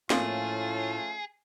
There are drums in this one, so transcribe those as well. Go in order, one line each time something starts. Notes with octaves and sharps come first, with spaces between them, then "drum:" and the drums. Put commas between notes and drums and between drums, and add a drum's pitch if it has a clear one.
A2 F3 A3 A#3 C#4 F4 G#4, drum: snare